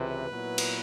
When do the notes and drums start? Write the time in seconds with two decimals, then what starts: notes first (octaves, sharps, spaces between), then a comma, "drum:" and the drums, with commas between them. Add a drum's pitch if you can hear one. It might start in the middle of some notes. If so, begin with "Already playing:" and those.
Already playing: C#2 C3 E3 B4
0.30 A#2 F#3 B3 E4
0.58 drum: cymbal